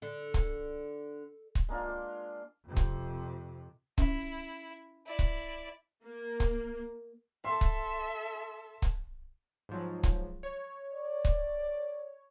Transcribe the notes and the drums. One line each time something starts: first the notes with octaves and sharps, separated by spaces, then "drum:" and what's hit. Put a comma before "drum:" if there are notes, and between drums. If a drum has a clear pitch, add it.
D3
drum: kick C#1, hi-hat
drum: kick C#1
G#3 A#3 D4 F4
D6
F2 C3
drum: kick C#1, hi-hat
C#4 E4, drum: kick C#1, hi-hat
E4 D5
drum: kick C#1
A#3
drum: kick C#1, hi-hat
A4 E5 C6
drum: kick C#1
drum: kick C#1, hi-hat
G#2 F3 F#3
drum: kick C#1, hi-hat
C#5
D5
drum: kick C#1